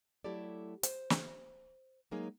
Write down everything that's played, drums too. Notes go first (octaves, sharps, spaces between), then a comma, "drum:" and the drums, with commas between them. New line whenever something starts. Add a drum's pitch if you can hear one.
F#3 A3 E4 G4 A4 D5
C5, drum: hi-hat
drum: snare
F#3 G#3 A#3 D#4 G#4